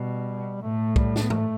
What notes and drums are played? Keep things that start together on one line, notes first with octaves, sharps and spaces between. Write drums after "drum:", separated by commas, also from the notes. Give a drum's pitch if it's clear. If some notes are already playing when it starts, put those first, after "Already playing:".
Already playing: B2 G3
A2 A3
G3, drum: kick B1
D4, drum: snare
B3
A3, drum: tom G#2